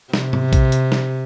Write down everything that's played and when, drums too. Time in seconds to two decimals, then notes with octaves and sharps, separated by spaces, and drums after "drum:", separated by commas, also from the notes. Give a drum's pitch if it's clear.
0.14 C3, drum: snare
0.33 drum: tom G#2
0.53 drum: kick A#1, hi-hat
0.72 drum: hi-hat
0.92 drum: snare